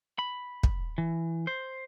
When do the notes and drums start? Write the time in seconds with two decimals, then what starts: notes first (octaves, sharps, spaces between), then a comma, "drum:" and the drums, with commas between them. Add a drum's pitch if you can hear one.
0.19 B5
0.63 drum: kick
0.98 E3
1.47 C5